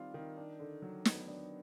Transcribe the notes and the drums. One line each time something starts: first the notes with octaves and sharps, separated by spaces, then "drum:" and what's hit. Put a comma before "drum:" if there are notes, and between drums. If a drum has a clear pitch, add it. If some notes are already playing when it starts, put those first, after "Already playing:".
Already playing: D#3 G3 C4 F4
D#3
D4
D3
F#3
B3, drum: snare
D4